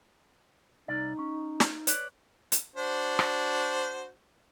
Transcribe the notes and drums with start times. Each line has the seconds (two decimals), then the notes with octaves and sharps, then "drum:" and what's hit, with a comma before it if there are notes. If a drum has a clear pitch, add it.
0.88 C2 D#4 D5
1.19 C#4
1.60 drum: snare
1.87 B4 C#5 D5, drum: hi-hat
2.52 drum: hi-hat
2.76 D4 F#4 C5
3.19 drum: rim click